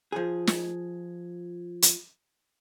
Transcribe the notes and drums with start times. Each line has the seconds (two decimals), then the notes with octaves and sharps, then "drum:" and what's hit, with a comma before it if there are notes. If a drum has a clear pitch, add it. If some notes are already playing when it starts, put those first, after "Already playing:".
0.12 F3 G#4
0.47 drum: snare
1.82 drum: hi-hat